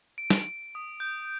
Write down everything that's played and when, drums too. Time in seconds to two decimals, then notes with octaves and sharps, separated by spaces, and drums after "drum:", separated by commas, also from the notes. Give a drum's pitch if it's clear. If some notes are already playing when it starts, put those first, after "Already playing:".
0.18 D7
0.30 drum: snare
0.75 D#6
1.00 G6